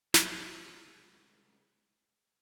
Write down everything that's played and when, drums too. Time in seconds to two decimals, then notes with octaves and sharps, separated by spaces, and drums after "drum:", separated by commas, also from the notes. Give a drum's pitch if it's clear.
0.14 C2 G#3, drum: snare